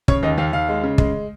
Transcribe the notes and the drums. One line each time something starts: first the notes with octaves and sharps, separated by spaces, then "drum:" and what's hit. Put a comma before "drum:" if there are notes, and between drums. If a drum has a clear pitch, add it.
C#3 C#5, drum: kick
D#2 D#5
D#2 F5
D#2 F5
G#3
C#3
G#3, drum: kick